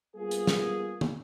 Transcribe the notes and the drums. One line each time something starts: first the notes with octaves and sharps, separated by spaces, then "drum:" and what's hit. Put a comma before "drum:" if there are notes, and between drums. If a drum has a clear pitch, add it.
G3 A#3 B3 F4 G#4
drum: hi-hat
drum: snare
drum: tom